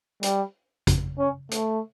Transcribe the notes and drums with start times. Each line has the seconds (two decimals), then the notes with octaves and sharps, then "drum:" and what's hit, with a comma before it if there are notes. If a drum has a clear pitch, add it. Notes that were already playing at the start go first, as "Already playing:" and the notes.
0.23 G3, drum: hi-hat
0.87 drum: kick, hi-hat
1.19 C#4
1.51 A3, drum: hi-hat